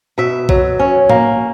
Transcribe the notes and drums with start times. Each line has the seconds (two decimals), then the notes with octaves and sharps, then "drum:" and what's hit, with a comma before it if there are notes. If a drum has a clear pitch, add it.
0.18 B2 E5
0.49 F#3, drum: kick A#1
0.79 C#4
1.10 A#3, drum: tom A2